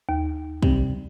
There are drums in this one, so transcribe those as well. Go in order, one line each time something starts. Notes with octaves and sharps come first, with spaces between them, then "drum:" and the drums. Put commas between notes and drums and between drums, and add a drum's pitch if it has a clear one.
D#2
C3 G3, drum: kick